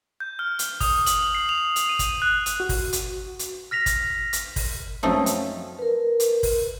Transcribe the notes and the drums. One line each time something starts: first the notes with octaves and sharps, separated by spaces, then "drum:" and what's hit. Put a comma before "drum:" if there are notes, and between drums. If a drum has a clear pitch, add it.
G6
F6
drum: hi-hat
D#6, drum: kick, open hi-hat
F#7, drum: hi-hat
C7
F7
drum: hi-hat
D#7
drum: kick, hi-hat
F#6
drum: hi-hat
F#4
drum: kick, open hi-hat
drum: hi-hat
drum: hi-hat
F6 A#6 B6 F7
drum: kick, hi-hat
drum: hi-hat
drum: kick, open hi-hat
F#2 F3 A3 C4 C#4 D#4
drum: hi-hat
A#4 B4
drum: hi-hat
drum: kick, open hi-hat